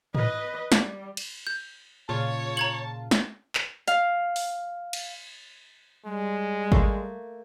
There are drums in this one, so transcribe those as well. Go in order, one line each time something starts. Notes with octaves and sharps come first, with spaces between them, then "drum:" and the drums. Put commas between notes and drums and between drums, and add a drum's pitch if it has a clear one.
B4 D#5, drum: tom G#2
G3, drum: snare
drum: cymbal
G6
A#2 C#3 F4 C#5 A5
A#5 G#6 F#7
drum: snare
drum: clap
F5, drum: hi-hat
drum: open hi-hat
drum: cymbal
G3 G#3
A3 A#3, drum: kick G#1